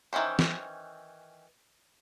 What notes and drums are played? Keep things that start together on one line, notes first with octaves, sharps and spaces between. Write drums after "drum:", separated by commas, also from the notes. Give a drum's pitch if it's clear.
D#3 E3 G#3 C#4 C5
drum: snare